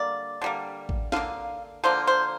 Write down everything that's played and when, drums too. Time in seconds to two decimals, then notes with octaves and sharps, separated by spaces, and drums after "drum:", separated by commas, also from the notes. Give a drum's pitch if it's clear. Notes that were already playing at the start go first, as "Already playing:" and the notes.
Already playing: D3 G3 A#3 D5
0.42 D3 G3 A#3
0.89 drum: kick A1
1.12 D3 A#3 F5, drum: snare
1.84 D3 F3 A#3 C5
2.07 C5